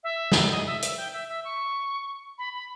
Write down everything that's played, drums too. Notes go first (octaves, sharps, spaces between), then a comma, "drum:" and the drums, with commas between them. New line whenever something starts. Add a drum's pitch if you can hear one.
E5
drum: snare
D#5
E5
E5, drum: hi-hat
G5
E5
E5
C#6
B5
B5